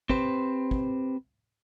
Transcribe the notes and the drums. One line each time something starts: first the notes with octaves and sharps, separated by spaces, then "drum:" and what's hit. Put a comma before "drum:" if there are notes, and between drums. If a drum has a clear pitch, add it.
C4 G4 B4 C5, drum: kick
drum: kick